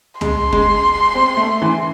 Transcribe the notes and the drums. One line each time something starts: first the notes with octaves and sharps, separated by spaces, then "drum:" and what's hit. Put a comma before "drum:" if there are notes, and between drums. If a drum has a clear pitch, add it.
G#3 C6, drum: tom
G#3, drum: kick
C4
A3
E3